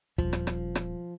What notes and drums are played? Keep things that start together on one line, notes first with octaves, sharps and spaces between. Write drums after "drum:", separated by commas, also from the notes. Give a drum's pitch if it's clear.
D#1 F3, drum: kick
drum: rim click
drum: rim click
drum: rim click